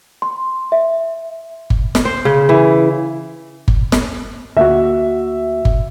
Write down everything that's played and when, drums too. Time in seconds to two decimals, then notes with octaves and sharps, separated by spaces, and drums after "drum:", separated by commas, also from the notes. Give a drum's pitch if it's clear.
0.22 C6
0.72 E5
1.70 drum: kick G1
1.95 drum: snare
2.05 C5
2.25 C#3
2.49 E3
3.68 drum: kick G1
3.92 drum: snare
4.57 D2 A#3 F#4 E5
5.65 drum: kick G1